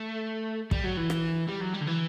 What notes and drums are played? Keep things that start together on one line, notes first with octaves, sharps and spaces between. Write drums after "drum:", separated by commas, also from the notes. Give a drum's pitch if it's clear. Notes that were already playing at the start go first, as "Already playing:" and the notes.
Already playing: A3
G3, drum: kick
F#3
E3
drum: rim click
G3
F#3
G3
D3
E3